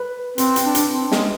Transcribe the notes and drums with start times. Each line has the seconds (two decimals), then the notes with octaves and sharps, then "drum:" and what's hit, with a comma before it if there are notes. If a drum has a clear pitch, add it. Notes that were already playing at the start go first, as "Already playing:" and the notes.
Already playing: B4
0.38 C4, drum: hi-hat
0.56 drum: hi-hat
0.65 D4
0.75 drum: hi-hat
0.93 C4
1.12 G#3, drum: snare